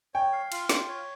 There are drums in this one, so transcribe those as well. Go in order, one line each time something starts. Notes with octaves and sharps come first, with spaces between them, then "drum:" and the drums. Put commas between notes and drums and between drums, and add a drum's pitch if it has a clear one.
C#5 G5
F5
F4, drum: cymbal
F4, drum: snare
C#5